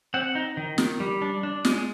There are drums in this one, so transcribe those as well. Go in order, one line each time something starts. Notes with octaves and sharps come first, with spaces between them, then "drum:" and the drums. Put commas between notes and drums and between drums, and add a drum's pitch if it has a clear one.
C4 F#5
D#4
D#3
D#3, drum: snare
G3
D4
D4
G#3, drum: snare